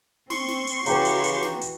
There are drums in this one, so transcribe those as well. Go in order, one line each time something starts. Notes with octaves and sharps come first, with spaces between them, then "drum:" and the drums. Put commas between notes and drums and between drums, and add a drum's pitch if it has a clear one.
C4 C6 C#6, drum: snare
drum: snare
drum: hi-hat
C#3 E3 F#4 G4 B4 G5 A#5, drum: hi-hat
drum: hi-hat
drum: hi-hat
drum: snare
drum: hi-hat